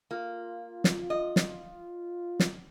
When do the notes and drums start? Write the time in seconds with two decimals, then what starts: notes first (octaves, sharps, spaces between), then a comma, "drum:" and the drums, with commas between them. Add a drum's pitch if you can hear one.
0.11 A#3 F4
0.84 drum: snare
1.10 D#5
1.36 drum: snare
2.40 drum: snare